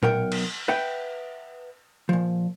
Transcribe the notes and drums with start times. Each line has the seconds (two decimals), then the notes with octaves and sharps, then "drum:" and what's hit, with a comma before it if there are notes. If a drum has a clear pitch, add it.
0.03 B1 A#4 F#5 G5, drum: tom A#2
0.32 drum: cymbal
0.68 B4 E5 F#5 G5
2.09 A#2 F3